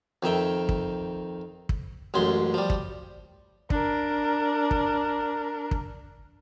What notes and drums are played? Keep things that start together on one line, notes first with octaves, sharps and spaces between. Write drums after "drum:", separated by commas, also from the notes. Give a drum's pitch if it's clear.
F2 D#3 E5 G5
drum: kick
drum: kick
A1 F#2 G#3 C6
F3 G3
drum: kick
D4 A#4, drum: kick
drum: kick
drum: kick